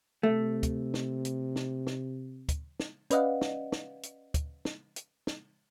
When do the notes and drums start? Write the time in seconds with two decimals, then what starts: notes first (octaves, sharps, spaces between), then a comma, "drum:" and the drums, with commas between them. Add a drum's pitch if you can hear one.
0.23 C3 A3
0.63 drum: kick, hi-hat
0.94 drum: snare
1.25 drum: hi-hat
1.56 drum: snare
1.87 drum: snare
2.49 drum: kick, hi-hat
2.80 drum: snare
3.11 C#4 B4 D5 D#5 F5 F#5, drum: hi-hat
3.41 drum: snare
3.72 drum: snare
4.03 drum: hi-hat
4.34 drum: kick, hi-hat
4.65 drum: snare
4.96 drum: hi-hat
5.27 drum: snare